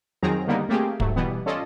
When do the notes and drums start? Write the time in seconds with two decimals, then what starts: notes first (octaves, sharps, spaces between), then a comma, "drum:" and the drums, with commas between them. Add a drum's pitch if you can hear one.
0.23 F2 D#3 F#3 C4 G#4 A#5
0.47 D3 D#3 G3 A#3 B3 D#4
0.69 A3 A#3 C4 G4 G#4
1.00 G#2 F#3 A3, drum: kick
1.16 B2 E3 G3 B3
1.46 C#4 F4 A4 D5 D#5